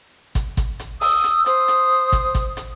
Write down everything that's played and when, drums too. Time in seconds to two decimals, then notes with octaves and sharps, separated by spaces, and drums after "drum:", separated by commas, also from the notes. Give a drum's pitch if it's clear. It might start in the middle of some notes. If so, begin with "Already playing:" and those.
0.35 drum: kick, hi-hat
0.57 drum: kick, hi-hat
0.79 drum: hi-hat
1.01 D#6 E6, drum: open hi-hat
1.24 drum: hi-hat
1.46 C5 D#6, drum: hi-hat
1.68 drum: hi-hat
2.12 drum: kick, hi-hat
2.35 drum: kick, hi-hat
2.57 drum: hi-hat